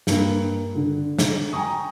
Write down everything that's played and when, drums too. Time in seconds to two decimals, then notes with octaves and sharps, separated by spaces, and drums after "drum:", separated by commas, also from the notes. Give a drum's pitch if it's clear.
0.07 G2 A#3, drum: snare
0.75 D3
1.18 drum: snare
1.52 G5 G#5 A#5 C#6 D#6